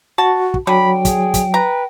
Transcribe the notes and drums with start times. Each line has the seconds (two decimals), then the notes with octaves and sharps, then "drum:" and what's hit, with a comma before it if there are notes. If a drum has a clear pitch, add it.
0.18 F#4 A5
0.54 drum: kick
0.67 D3 F#3 G5 B5
1.05 G#4, drum: kick, hi-hat
1.34 drum: kick, hi-hat
1.54 B4 A#5